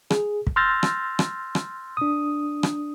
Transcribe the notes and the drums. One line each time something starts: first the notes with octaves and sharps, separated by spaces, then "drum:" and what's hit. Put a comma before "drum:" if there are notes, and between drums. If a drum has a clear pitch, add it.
G#4, drum: rim click
drum: kick
C6 E6 F6 G6 A6 A#6
drum: rim click
drum: rim click
drum: rim click
D4 D#6
drum: rim click